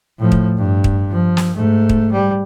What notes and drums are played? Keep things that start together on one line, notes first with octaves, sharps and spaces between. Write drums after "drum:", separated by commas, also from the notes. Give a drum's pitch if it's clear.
A2 F3
drum: kick
G2
drum: kick
F3
drum: snare
G#2 A3
drum: kick
G3